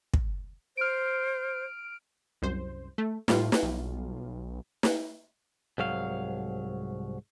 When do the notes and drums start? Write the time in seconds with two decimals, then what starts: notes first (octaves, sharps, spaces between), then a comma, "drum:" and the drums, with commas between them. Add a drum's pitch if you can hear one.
0.14 drum: kick
0.77 C5 F6 D7
2.42 C2 F#2 C5
2.98 A3
3.28 A2 G3 F4, drum: snare
3.52 drum: snare
3.63 B1
4.83 drum: snare
5.78 C2 G#2 F#3 F5